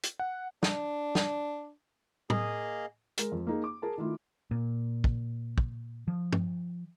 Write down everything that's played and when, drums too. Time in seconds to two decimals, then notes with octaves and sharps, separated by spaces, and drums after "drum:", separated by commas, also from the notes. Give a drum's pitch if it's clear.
0.03 drum: hi-hat
0.19 F#5
0.63 D4, drum: snare
1.15 drum: snare
2.30 A#3 G#4 D#5 F5, drum: tom
3.18 G#3 A#4, drum: hi-hat
3.32 F2
3.47 A#3 D#4 G#4
3.64 D6
3.82 G#4 A#4 A5
3.98 D#3 A3 E4 F4
4.51 A#2
5.04 drum: kick
5.58 drum: kick
6.08 F3
6.33 drum: tom